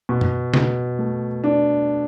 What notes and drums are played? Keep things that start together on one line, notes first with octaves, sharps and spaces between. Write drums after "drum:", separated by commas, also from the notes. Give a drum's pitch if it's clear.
B2
drum: tom F#2
B2, drum: snare
A3
D4